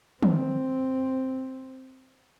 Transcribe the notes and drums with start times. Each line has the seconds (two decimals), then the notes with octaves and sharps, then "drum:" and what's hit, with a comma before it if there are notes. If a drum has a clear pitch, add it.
0.23 C4, drum: tom